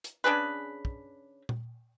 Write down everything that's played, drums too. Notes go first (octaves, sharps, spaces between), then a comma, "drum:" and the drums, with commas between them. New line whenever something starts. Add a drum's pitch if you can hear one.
drum: hi-hat
C#3 D4 G#4 B4
drum: kick
drum: tom A#2